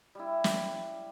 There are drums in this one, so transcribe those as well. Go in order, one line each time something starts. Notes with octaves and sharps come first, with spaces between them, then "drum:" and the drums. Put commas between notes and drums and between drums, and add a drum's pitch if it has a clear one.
G3 E4
drum: snare